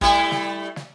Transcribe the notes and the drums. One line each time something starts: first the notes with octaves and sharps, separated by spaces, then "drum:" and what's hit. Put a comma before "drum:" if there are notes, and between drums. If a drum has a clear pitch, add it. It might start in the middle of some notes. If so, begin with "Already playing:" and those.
G3 A3 E4, drum: kick
drum: snare
drum: snare